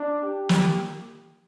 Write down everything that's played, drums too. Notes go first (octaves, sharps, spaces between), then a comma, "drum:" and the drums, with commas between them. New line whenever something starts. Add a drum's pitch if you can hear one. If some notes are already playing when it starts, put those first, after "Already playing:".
Already playing: D4
G4
drum: snare